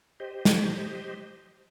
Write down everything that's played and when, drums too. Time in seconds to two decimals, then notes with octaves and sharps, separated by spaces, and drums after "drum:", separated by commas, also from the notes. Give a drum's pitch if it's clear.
0.20 G4 C5 D#5
0.45 drum: snare